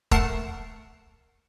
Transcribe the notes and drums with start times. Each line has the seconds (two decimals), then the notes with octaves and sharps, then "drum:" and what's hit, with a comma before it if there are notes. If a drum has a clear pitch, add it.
0.11 A3 A#4 F#5 A5 C7, drum: kick E1